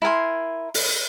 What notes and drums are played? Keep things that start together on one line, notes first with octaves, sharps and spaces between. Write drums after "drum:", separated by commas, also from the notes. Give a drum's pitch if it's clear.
E4 A#4 G#5 C6
drum: open hi-hat